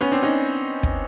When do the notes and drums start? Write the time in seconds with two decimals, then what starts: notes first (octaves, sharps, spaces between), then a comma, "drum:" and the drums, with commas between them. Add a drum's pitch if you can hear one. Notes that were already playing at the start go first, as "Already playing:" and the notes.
0.01 B3 C#4
0.12 C4 D4
0.23 C#4 D#4
0.83 drum: kick